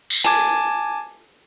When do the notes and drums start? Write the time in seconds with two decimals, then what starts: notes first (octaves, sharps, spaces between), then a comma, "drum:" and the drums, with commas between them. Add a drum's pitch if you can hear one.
0.10 drum: tambourine
0.24 G#5 A5 D6 G#6, drum: hi-hat